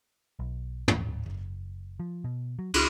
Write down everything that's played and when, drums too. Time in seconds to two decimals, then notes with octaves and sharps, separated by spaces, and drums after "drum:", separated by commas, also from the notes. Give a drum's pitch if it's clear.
0.39 B1
0.88 D#1, drum: tom
1.07 D1
1.26 F#1
2.00 F3
2.24 B2
2.59 F#3
2.74 C#2, drum: cymbal